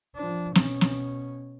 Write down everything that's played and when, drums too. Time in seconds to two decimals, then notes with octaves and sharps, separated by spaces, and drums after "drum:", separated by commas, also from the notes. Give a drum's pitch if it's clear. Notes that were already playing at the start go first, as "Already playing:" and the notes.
0.16 F3 D4
0.55 B2 C#4, drum: snare
0.81 drum: snare